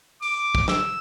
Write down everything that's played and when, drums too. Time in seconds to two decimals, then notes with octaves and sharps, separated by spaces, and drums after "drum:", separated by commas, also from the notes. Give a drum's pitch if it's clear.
0.22 D6, drum: open hi-hat
0.55 drum: kick
0.68 E6, drum: snare